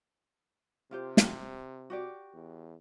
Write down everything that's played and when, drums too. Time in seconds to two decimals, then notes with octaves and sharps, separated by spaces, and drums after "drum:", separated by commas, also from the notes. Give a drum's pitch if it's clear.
0.91 C3 F4 G4 C5
1.17 drum: snare
1.90 F#4 G4 D5
2.34 E2